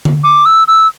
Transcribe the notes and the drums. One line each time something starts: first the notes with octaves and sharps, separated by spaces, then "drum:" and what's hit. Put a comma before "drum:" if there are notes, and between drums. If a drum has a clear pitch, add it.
drum: tom D3
D6
E6
E6